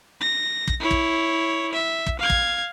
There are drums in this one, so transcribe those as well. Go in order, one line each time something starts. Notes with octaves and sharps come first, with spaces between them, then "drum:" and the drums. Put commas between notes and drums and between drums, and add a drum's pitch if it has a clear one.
A#6
drum: kick
E4 C#5
drum: kick
E5
drum: kick
F5 G#6
drum: kick